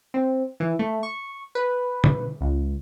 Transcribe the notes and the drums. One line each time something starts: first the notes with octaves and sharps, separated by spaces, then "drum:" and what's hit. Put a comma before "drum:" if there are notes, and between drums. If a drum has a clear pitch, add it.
C4
E3
A3
C#6
B4
drum: tom
C#2